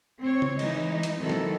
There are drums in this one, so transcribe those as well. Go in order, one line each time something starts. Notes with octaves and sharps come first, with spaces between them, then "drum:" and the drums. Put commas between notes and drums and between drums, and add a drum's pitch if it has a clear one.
C4 C#5
drum: tom C#3
E3 G#3 D#4, drum: cymbal
drum: hi-hat
D#3 E3 F#3 C4 A4
drum: snare